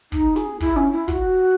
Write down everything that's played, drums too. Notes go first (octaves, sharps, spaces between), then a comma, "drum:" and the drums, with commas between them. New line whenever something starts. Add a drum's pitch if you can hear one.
D#4, drum: kick
G#4, drum: snare
E4, drum: kick
C#4
E4
F#4, drum: kick